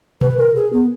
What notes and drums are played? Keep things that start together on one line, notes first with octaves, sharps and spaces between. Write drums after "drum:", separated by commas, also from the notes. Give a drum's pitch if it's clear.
B4, drum: tom B2
A#4
G#4
B3